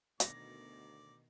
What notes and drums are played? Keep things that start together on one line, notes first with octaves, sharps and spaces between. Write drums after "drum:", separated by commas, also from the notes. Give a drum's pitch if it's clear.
D2 B2 D#3 D5 A#6, drum: hi-hat